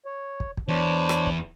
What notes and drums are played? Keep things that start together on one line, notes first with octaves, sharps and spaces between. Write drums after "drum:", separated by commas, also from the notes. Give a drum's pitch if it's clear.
C#5
drum: kick
drum: kick
E2 D4 C5 C#5
drum: rim click
drum: kick